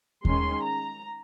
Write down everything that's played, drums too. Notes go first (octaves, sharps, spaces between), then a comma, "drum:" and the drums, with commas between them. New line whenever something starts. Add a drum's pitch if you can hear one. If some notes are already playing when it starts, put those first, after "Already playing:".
D#3 G#3 C#4 C6, drum: kick D#2
A#5